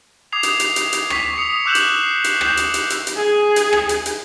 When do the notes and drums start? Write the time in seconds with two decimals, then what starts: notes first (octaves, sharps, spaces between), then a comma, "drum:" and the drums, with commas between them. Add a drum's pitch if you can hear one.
0.32 D6 D#6 G#6 C7 F7
0.43 drum: hi-hat
0.60 drum: hi-hat
0.76 drum: hi-hat
0.93 drum: hi-hat
1.10 C#6 B6, drum: rim click
1.36 D#6 C#7 F7
1.66 D6 E6 F#6 G6 E7 F#7
1.75 drum: hi-hat
2.03 C7
2.24 drum: hi-hat
2.41 G6, drum: rim click
2.57 drum: hi-hat
2.74 drum: hi-hat
2.90 drum: hi-hat
3.07 drum: hi-hat
3.16 G#4
3.56 drum: hi-hat
3.73 drum: rim click
3.89 drum: hi-hat
4.06 drum: hi-hat